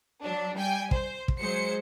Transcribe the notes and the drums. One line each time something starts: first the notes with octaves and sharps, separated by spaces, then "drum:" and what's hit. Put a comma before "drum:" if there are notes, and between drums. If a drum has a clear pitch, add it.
F#3 D4
G3 G5 G#5
C5, drum: kick
drum: kick
F#3 G#3 C5 C#7